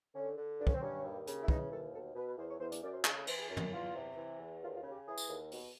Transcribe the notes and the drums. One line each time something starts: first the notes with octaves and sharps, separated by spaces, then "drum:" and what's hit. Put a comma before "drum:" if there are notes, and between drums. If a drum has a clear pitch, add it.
D3 C#4
D3
G2 D4
C#4, drum: kick
C4
G2 C#4
D#2
C#3, drum: hi-hat
E4
E3 D#4, drum: kick
D#2 A4
B2 A4
B2 B4
B4
E2 C5
C#5
E2 C5
D5, drum: hi-hat
F#2 D5
C5
C#3 G#4, drum: clap
A4
E3 C5, drum: cymbal
G4
G#4
F#2
G4, drum: tom
E2 F4
C3
E3
E2
D#2 F4
F4
C#3
G4
E3 G#4
drum: tambourine
D#2
B2, drum: open hi-hat